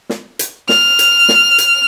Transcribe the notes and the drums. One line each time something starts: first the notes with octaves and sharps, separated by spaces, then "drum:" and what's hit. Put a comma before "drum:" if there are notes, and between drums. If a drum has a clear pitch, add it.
drum: snare
drum: hi-hat
F6, drum: snare
drum: hi-hat
drum: snare
drum: hi-hat